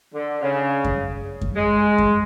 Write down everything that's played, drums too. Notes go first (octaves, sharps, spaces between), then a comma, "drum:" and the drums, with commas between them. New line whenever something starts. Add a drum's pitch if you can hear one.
D3
C#3
drum: kick F#2
drum: kick F#2
G#3
drum: kick F#2